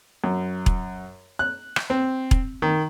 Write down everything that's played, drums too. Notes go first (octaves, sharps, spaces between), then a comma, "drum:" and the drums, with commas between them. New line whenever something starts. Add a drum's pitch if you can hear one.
F#2
drum: kick E1
F#6
drum: rim click
C4
drum: kick E1
D#3